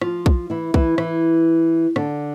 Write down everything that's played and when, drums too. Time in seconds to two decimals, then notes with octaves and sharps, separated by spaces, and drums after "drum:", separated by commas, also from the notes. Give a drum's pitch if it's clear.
0.01 F3 F4, drum: rim click
0.26 drum: kick
0.50 E3 E4
0.74 E3 E4, drum: kick
0.98 E3 E4, drum: rim click
1.96 D3 D4, drum: rim click